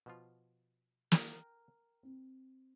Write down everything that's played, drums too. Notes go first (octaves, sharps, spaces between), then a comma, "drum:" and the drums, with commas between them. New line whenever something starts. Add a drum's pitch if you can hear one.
B2 F3 F4
A#4 G5, drum: snare
C4